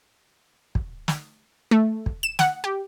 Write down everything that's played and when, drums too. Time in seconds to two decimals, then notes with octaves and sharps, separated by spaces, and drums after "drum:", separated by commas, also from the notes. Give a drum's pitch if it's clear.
0.75 drum: kick
1.08 drum: snare
1.71 A3
2.06 drum: kick
2.23 E7
2.39 F#5, drum: snare
2.64 G4